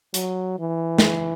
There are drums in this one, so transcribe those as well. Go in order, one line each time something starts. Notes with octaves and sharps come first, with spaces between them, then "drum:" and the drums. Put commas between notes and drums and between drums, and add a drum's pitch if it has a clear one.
F#3, drum: hi-hat
E3
drum: snare